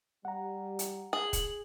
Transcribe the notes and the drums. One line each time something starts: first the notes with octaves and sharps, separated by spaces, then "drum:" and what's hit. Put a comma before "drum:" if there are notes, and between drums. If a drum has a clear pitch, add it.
G3 F#5 A#5
drum: hi-hat
G#4 F#7
drum: kick D#1, hi-hat